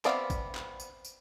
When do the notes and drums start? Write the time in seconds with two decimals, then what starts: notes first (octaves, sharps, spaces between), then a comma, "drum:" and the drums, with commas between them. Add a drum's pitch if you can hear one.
0.05 B3 C4 D5 E5 F5, drum: clap
0.30 drum: kick, tambourine
0.55 drum: clap
0.80 drum: tambourine
1.05 drum: tambourine